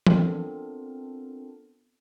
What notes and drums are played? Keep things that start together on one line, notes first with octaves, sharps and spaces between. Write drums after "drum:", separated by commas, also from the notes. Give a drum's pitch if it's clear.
B3 C4 D4 F4 A4 A#4, drum: tom E3